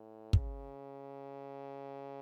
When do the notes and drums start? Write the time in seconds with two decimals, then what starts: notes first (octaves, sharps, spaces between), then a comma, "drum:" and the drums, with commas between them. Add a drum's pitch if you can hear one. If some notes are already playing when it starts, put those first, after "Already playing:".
Already playing: A2
0.33 C#3, drum: kick